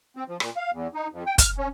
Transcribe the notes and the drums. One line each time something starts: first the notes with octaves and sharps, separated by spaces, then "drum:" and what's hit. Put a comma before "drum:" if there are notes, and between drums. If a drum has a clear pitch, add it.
C4
F3
A#2, drum: rim click
F5
E2
D#4
F2
G5
F6, drum: kick, hi-hat
C#4